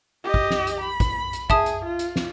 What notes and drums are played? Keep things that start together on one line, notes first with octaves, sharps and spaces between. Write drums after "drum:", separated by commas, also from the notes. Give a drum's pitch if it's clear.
G4 D#5
drum: kick
drum: snare
drum: hi-hat
B5
drum: kick, hi-hat
drum: hi-hat
G#4 E5 A5 D#6, drum: kick
drum: hi-hat
F4
drum: hi-hat
drum: snare